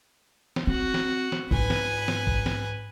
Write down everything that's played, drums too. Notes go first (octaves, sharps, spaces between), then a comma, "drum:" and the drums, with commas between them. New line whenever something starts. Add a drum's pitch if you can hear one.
drum: snare
C4 F#4
drum: snare
drum: snare
G#2 F4 B4 G#5, drum: kick
drum: snare
drum: snare
drum: kick
drum: snare